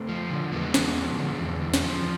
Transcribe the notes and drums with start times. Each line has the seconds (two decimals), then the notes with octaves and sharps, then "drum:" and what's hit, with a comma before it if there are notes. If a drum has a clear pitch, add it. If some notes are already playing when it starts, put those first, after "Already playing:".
Already playing: A3 C4
0.09 F3
0.30 D3
0.52 E2 G#3 B3
0.74 E2, drum: snare
0.96 F3
1.18 D3
1.40 E2
1.62 E2
1.74 drum: snare
1.83 F3